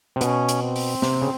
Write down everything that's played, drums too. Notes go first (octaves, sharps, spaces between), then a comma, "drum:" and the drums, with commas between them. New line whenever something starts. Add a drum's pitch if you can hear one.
C3
B2 C#4, drum: hi-hat
drum: hi-hat
C4
drum: open hi-hat
C3, drum: snare
C#3